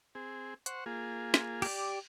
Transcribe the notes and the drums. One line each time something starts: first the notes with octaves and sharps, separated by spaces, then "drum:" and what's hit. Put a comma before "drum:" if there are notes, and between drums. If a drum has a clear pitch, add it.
C4 G#4
C5 F#5 C#6, drum: hi-hat
A#3 F4 G#4
drum: snare
G4 D5, drum: cymbal